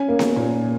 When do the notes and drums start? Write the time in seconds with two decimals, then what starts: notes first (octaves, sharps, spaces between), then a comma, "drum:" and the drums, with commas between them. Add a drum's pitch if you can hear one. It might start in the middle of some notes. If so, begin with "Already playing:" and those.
Already playing: C#4 G#5
0.09 A#3
0.19 drum: snare B3
0.36 A#2